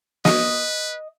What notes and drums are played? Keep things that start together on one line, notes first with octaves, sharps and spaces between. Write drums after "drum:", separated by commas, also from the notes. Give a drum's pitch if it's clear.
B4 D#5, drum: snare